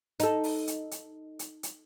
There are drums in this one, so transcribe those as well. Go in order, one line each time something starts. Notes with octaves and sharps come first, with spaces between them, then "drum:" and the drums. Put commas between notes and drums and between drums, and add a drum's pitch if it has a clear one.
D#4 A4, drum: hi-hat
drum: open hi-hat
drum: hi-hat
drum: hi-hat
drum: hi-hat
drum: hi-hat